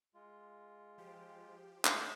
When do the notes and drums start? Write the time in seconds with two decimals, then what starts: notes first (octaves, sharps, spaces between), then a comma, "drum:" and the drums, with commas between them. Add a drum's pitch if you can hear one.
0.15 G#3 F4
0.98 F3 G4
1.85 drum: clap